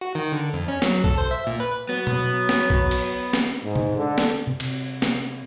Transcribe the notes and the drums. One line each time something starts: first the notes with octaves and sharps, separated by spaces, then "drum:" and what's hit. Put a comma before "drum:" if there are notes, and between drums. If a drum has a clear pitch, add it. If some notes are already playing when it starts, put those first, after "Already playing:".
F#4
D#3
D3
F2
C#4
F#3, drum: snare
A4, drum: kick A#1
C5
E5
A#2
B4
F#3 B3
drum: tom B2
drum: snare
drum: kick A#1
drum: cymbal
drum: snare
G#2
drum: tom C3
D3
drum: snare
C3
drum: cymbal
drum: snare